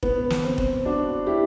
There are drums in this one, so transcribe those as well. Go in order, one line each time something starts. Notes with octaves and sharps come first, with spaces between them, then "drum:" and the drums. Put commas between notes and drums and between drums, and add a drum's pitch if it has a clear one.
B3, drum: kick F1
drum: snare
C4
drum: kick F1
D4 F#4
E4 G4